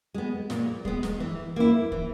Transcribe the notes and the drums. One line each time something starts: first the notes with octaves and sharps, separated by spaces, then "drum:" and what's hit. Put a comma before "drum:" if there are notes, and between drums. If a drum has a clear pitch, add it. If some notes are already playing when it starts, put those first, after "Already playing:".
G#3 B3
A#2, drum: snare
G#3 B3, drum: kick
drum: snare
E3
A#3 E4
E3, drum: kick